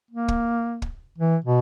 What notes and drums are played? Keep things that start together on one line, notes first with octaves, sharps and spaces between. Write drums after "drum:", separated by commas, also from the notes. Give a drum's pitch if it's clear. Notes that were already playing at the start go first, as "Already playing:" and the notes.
A#3
drum: kick
drum: kick
E3
B2